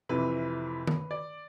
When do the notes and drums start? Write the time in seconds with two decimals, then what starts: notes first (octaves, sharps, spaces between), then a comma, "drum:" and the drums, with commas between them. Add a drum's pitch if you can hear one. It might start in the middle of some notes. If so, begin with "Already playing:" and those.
0.09 F2 C3 E3 B4
0.87 drum: tom D#3
1.11 D5